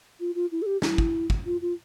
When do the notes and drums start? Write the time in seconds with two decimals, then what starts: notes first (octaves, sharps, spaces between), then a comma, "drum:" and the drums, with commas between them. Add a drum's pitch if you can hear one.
0.20 F4
0.35 F4
0.52 E4
0.62 A4
0.66 G4
0.82 E4, drum: snare
0.98 drum: kick
1.30 drum: kick
1.46 F4
1.62 F4